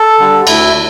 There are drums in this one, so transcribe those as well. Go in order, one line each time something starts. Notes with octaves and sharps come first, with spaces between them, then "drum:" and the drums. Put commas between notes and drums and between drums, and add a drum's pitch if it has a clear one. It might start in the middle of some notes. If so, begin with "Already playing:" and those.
Already playing: A4
D3 G3
D2 E4, drum: cymbal